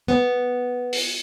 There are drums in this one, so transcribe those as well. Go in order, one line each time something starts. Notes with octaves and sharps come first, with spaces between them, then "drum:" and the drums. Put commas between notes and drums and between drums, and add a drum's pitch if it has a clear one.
B3
drum: open hi-hat